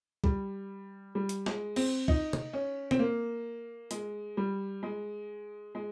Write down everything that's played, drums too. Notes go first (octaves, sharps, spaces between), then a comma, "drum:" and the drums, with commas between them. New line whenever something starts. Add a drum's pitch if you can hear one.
G3, drum: kick
G3
drum: hi-hat
G#3, drum: snare
C4, drum: cymbal
D#4, drum: kick
drum: tom
C#4
C4, drum: tom
A#3
G#3, drum: hi-hat
G3
G#3
G#3